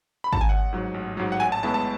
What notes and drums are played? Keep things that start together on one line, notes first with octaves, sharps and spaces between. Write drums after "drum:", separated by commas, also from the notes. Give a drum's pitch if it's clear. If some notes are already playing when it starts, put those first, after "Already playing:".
B5
A5, drum: kick
G#5
A1 F#5
G#2 F#3
A1
G#2 F#3
F#5
A1 G#5
A5
A2 G#3 B3 E4 A5
A5